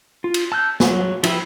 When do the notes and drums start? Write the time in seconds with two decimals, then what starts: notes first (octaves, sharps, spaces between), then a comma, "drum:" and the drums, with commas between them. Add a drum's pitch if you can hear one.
0.24 F4
0.34 drum: cymbal
0.52 A5 E6 F#6 G6
0.80 F#3, drum: snare
1.23 F3 E4 G4 B4 E5, drum: cymbal